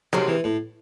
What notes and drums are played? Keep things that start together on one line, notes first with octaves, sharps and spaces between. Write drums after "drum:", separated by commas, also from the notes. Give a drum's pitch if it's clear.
C3 D#3 F#3 G#3 C4, drum: snare
E3
A2